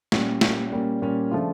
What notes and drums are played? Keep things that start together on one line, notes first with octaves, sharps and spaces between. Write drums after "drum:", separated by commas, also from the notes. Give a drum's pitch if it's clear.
A#2 G3 C#4, drum: snare
A#2 G3 C#4, drum: snare
A#2 G3 A#3 C#4
A#2 G3 A#3 C#4
C#3 F3 A3 D4 F4